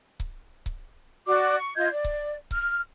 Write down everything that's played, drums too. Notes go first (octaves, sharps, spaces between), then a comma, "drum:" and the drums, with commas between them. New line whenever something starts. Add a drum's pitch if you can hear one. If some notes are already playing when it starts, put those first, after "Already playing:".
drum: kick C#1
drum: kick C#1
F#4 D5 D6
C#6
F4 D#5 G6 G#6
D5
drum: kick C#1
F6, drum: kick C#1